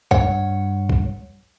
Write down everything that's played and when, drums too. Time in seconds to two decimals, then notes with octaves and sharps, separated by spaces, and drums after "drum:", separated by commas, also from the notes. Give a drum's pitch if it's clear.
0.11 G2 C#5 F#5, drum: kick
0.89 drum: kick